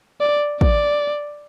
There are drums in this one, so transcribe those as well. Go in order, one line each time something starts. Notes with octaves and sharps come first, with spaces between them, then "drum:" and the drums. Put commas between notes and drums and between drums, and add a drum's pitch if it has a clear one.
D5
D5, drum: kick